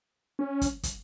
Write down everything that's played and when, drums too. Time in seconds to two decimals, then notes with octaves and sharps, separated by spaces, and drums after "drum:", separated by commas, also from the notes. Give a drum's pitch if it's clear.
0.39 C#4
0.61 drum: kick, hi-hat
0.83 drum: kick, hi-hat